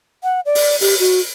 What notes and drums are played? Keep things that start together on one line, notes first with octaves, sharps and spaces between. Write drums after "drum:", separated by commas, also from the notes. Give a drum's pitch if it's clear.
F#5
D5
drum: open hi-hat
G4, drum: open hi-hat
F#4